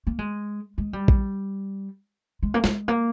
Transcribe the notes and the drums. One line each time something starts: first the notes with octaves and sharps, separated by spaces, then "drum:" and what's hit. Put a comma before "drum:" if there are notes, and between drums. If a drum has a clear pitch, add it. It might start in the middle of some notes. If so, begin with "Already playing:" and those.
A#3
G#3
G#3
G3
drum: kick A#1
G#3
A#3
G#3, drum: snare
A#3